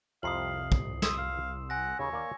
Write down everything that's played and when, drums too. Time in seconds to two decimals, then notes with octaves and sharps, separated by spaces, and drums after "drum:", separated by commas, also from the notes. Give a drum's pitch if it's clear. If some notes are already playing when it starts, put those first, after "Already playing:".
0.23 C2 F2 C3 F5 D#6 C7 F#7
0.72 drum: kick
1.02 C6 D#6 E6 E7, drum: snare
1.18 F5
1.70 F#5 G#5 A#6
1.99 D#2 C#3 C#5
2.13 A#3 D5